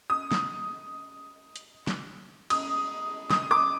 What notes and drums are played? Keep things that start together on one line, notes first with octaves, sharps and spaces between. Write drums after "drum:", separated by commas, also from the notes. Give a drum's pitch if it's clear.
D#6
drum: snare
drum: hi-hat
drum: snare
D#6, drum: cymbal
D#6, drum: snare
D6, drum: rim click